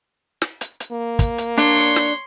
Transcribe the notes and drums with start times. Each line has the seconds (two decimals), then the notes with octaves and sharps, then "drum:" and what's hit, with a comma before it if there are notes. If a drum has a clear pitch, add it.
0.42 drum: snare
0.61 drum: hi-hat
0.80 drum: hi-hat
0.92 A#3
1.19 drum: kick, hi-hat
1.38 drum: hi-hat
1.58 D4 C#5 C6, drum: hi-hat
1.77 drum: open hi-hat
1.96 drum: snare